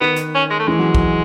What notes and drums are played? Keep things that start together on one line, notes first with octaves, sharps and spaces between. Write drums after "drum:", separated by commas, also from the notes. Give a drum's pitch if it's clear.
D#3 B3
drum: hi-hat
C#4
G#3
A3
E3 G#3
F#3
drum: kick